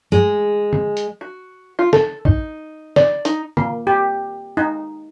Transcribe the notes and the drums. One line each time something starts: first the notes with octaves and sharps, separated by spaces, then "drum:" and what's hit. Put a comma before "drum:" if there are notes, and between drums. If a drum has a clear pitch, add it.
G#3
drum: tom
drum: hi-hat
F#4
F4
A4, drum: snare
D#4, drum: kick
D5, drum: snare
D#4, drum: hi-hat
A#3, drum: tom
G4
D#4